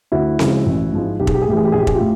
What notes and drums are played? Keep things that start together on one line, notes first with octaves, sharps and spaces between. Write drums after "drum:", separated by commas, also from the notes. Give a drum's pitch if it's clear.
D2 E4 F#4
C#3 F3 G#3, drum: snare C4
A1
G#2 F3 G#3
B1 G4
G#4, drum: kick
G4
G#4
A2 E3 G4
G#4
G4
A#1 G#4
G4
G#4, drum: kick
F4 G4
A2